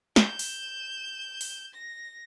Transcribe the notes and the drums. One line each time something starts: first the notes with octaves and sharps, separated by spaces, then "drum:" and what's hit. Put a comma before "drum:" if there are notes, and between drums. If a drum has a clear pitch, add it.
G6 E7, drum: snare
drum: open hi-hat
drum: open hi-hat
A#6